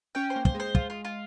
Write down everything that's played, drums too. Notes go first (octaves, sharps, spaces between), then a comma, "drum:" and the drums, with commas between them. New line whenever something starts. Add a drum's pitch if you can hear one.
C#4 G5
C5
A#3
C5, drum: kick
G#3
C5
F4, drum: kick
F4
F4